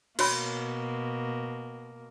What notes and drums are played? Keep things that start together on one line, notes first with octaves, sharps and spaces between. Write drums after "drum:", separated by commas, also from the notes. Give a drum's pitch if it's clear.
B2 A#3 F#4 C#5 B5, drum: cymbal